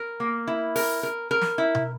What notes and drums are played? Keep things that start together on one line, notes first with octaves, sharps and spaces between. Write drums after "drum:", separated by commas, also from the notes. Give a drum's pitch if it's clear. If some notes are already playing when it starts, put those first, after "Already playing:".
Already playing: A#4
A#3
E4
A#4, drum: open hi-hat
A#4
A#4
drum: snare
E4
drum: tom B2